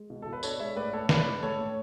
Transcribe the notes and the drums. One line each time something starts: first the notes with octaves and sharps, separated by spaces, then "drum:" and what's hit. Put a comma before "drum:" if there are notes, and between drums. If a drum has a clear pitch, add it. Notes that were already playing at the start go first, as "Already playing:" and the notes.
Already playing: G#3
B2
B2 A4
B4
D4 A4 C#5, drum: tambourine
G#3 C#5 E5
A2 B4 D5
A2 A4 C#5
D4 B4 D5, drum: snare
G#3
A2 A4 C#5
A2